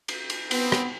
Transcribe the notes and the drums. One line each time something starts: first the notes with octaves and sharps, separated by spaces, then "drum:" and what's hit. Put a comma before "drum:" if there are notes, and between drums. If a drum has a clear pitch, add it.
drum: cymbal
drum: cymbal
B3 C4, drum: cymbal
drum: rim click